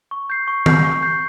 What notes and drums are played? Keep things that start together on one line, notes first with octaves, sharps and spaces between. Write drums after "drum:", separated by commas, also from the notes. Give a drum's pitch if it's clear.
C#6
G6 C7
C#6
G6 C7, drum: tom D#3
C#6
G6 C7